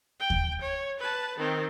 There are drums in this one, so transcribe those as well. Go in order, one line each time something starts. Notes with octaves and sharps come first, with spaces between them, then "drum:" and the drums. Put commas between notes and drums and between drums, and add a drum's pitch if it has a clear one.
G5
drum: kick D#2
C#5
B4 A5
D#3 C4